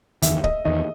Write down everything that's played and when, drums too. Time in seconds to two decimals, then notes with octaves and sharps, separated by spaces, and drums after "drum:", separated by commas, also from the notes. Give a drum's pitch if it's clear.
0.22 F#1 E2 D#3 E5, drum: hi-hat
0.44 D#5, drum: kick
0.65 E2 D#3 D#5